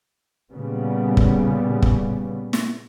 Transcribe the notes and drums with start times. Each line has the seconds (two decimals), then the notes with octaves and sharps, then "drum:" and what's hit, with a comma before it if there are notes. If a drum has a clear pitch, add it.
0.52 A#2 C#3 G3 B3
1.17 drum: kick
1.82 drum: kick
2.53 drum: snare